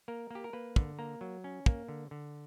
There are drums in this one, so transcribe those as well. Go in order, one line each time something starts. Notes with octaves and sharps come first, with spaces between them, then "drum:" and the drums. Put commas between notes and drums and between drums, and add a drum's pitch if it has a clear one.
A#3 A#4
A#3 G4
A#4
A#3 B4
D3, drum: kick
A#3 A#5
F#3
C#4
A#3, drum: kick
D3
D3